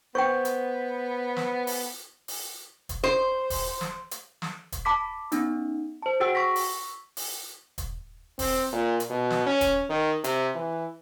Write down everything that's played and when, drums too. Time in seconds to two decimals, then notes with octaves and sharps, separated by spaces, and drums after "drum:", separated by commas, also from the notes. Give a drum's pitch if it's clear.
0.15 B3 C5 G5 C#6
0.45 drum: hi-hat
1.36 drum: snare
1.67 drum: open hi-hat
2.28 drum: open hi-hat
2.89 drum: kick, hi-hat
3.04 C5
3.50 drum: kick, open hi-hat
3.81 drum: snare
4.11 drum: hi-hat
4.42 drum: snare
4.72 drum: kick, hi-hat
4.85 A5 B5 D6 B6
5.32 B3 C#4 D#4, drum: hi-hat
6.02 C5 A5
6.20 F#4 G#4 F#5 G5 E6 D7
6.35 C#6 E6 A#6 B6
6.56 drum: open hi-hat
7.17 drum: open hi-hat
7.78 drum: kick, hi-hat
8.39 C4, drum: kick, open hi-hat
8.72 A#2
9.00 drum: hi-hat
9.10 B2
9.30 drum: snare
9.46 C#4
9.61 drum: kick, hi-hat
9.90 D#3
10.24 C3, drum: hi-hat
10.55 E3